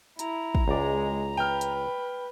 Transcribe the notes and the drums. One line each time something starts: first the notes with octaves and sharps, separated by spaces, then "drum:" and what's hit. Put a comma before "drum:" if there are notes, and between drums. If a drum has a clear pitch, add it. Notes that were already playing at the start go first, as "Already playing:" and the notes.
E4 A#5, drum: hi-hat
drum: kick
C#2 G#3 D5
B4 G5 F6
drum: hi-hat